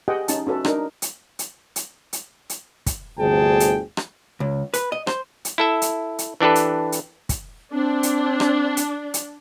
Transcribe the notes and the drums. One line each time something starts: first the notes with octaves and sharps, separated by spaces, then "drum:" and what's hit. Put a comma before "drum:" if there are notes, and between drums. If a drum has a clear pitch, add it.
G4 G#4 B4 D#5 F#5 G5
C#4 D#4 A5, drum: hi-hat
C#4 F#4 A4 B4
D4 D#4 A#4, drum: rim click
drum: hi-hat
drum: hi-hat
drum: hi-hat
drum: hi-hat
drum: hi-hat
drum: kick, hi-hat
G1 D2 C3 G#4 G5 A5
drum: hi-hat
drum: rim click
C#2
B4, drum: hi-hat
D#5
C5, drum: rim click
drum: hi-hat
E4 A4 E5
drum: hi-hat
drum: hi-hat
E3 D4 G4 A4 B4
drum: hi-hat
drum: hi-hat
drum: kick, hi-hat
C4 D4
drum: hi-hat
drum: rim click
drum: hi-hat
drum: hi-hat